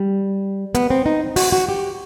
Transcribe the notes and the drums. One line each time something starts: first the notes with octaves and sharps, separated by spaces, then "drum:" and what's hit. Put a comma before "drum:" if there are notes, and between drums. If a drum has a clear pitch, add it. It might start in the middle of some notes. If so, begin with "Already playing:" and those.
Already playing: G3
B3, drum: hi-hat
C4
D#4
F#4, drum: open hi-hat
F#4
G4